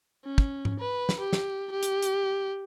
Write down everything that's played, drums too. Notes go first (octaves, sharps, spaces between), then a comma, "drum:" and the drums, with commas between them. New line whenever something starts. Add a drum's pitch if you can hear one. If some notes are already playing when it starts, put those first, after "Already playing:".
C#4
drum: kick
drum: tom G#2
B4
drum: snare
G4
drum: snare
G4
drum: hi-hat
drum: hi-hat